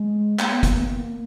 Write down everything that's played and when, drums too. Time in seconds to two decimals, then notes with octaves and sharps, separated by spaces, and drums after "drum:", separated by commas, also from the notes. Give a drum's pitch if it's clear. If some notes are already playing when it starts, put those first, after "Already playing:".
Already playing: G#3
0.39 A#3, drum: clap
0.51 B3
0.63 A#3, drum: kick, hi-hat
0.74 B3
0.86 A#3